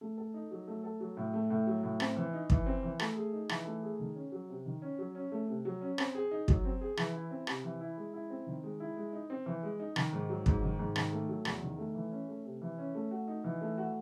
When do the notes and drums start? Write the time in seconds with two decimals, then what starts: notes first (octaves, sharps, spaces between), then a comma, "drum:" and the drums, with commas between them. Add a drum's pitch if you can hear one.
0.01 A3
0.18 A4
0.34 D#4
0.51 F#3
0.68 A3
0.84 A4
1.00 F#3
1.17 A2
1.34 A3
1.50 A2
1.67 F#3
1.83 A2
2.00 C4, drum: rim click
2.16 E3
2.33 D#4
2.50 E3, drum: kick
2.66 C4
2.83 E3
2.99 A3, drum: rim click
3.16 G#4
3.33 D#4
3.49 E3, drum: rim click
3.66 A3
3.82 G#4
3.99 D#3
4.15 C#4
4.32 F#3
4.49 C3
4.65 D#3
4.82 C#4
4.99 F#3
5.15 C#4
5.32 A3
5.48 C3
5.65 F#3
5.81 C#4
5.98 C4, drum: rim click
6.15 G#4
6.31 D#4
6.48 F#3, drum: kick
6.65 C4
6.81 G#4
6.97 E3, drum: rim click
7.14 E4
7.31 C4
7.47 C3, drum: rim click
7.64 E3
7.81 E4
7.97 G#3
8.14 E4
8.30 C4
8.47 D#3
8.63 G#3
8.80 E4
8.97 G#3
9.13 D#4
9.30 C4
9.46 E3
9.63 G#3
9.80 D#4
9.96 D#3, drum: rim click
10.13 G#2
10.30 F#3
10.46 G#2, drum: kick
10.62 D#3
10.79 G#2
10.96 D#3, drum: rim click
11.12 A3
11.29 F#3
11.45 E2, drum: rim click
11.62 D#3
11.78 A3
11.95 E3
12.11 C#4
12.29 A3
12.45 C3
12.62 E3
12.78 C#4
12.95 A3
13.11 F#4
13.28 D#4
13.44 E3
13.61 A3
13.78 F#4